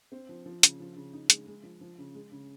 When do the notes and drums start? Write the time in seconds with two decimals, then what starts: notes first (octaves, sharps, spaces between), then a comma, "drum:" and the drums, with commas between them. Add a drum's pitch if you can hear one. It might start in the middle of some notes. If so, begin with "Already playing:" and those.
0.12 C4
0.29 F3
0.46 F3
0.63 C#3, drum: hi-hat
0.80 F3
0.96 C#3
1.13 D#4
1.30 G#3, drum: hi-hat
1.47 G#3
1.63 F3
1.81 F3
1.98 C#3
2.15 G#3
2.31 C#3